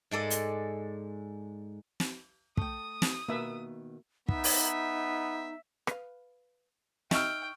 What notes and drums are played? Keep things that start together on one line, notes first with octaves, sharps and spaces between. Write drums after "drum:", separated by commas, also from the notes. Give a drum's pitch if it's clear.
G#2 G#3 A4 D5
drum: hi-hat
drum: snare
A3 G5 D#6, drum: kick
drum: snare
B2 D#3 A#3 B4 E5
B3 D#4 E5, drum: kick
drum: open hi-hat
B4 F5, drum: rim click
D#4 E5 G5 C#6 E6 F6, drum: snare